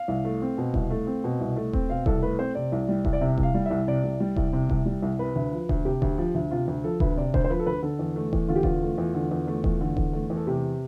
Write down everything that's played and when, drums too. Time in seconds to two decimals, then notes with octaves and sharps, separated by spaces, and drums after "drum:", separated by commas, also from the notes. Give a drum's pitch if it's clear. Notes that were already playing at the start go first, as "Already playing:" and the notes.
Already playing: F5
0.08 C2
0.25 A3
0.42 C4
0.58 B2
0.74 C2, drum: kick D#1
0.90 A3
1.07 C4
1.24 B2
1.40 C2
1.56 A3
1.73 C4, drum: kick D#1
1.90 B2 F5
2.06 C2 A4, drum: kick D#1
2.22 A3 B4
2.39 C4 C5
2.55 C3 D5
2.72 C2
2.89 G3
3.05 C2, drum: kick D#1
3.13 D5
3.21 C3 E5
3.38 C2, drum: kick D#1
3.43 F5
3.54 G3
3.66 C2 E5
3.88 C3 D5
4.04 C2
4.20 G3
4.36 C2, drum: kick D#1
4.53 C3
4.69 C2, drum: kick D#1
4.86 G3
5.02 C2
5.19 C3 B4
5.36 D2
5.52 F3
5.69 D2, drum: kick D#1
5.85 C3 G4
6.02 D2, drum: kick D#1
6.18 F3
6.35 D2
6.51 C3 F4
6.68 D2
6.83 F3 A4
7.00 D2 B4, drum: kick D#1
7.17 C3 D5
7.34 D2 C5, drum: kick D#1
7.44 C5
7.50 F3 B4
7.59 A4
7.66 D2 B4
7.83 D3 A4
7.99 E2
8.16 A3
8.33 E2, drum: kick D#1
8.48 D3 F4
8.56 G4
8.63 E2 F4, drum: kick D#1
8.82 A3
8.98 E2
9.14 D3
9.31 E2
9.47 A3
9.64 E2, drum: kick D#1
9.81 D3
9.97 E2, drum: kick D#1
10.13 A3
10.30 E2
10.37 A4
10.47 C3 G4